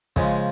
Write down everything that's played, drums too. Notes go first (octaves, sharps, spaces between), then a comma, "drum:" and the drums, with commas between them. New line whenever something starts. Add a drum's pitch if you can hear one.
C#3 F3 G#3, drum: kick